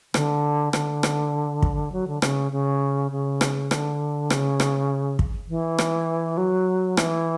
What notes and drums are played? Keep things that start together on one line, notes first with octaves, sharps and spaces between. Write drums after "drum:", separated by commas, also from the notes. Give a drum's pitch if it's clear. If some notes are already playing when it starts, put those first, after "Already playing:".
D3, drum: rim click
D3, drum: rim click
drum: rim click
drum: kick
F#3
D3
C#3, drum: rim click
C#3
C#3
drum: rim click
D3, drum: rim click
C#3, drum: rim click
drum: rim click
drum: kick
E3
drum: rim click
F#3
E3, drum: rim click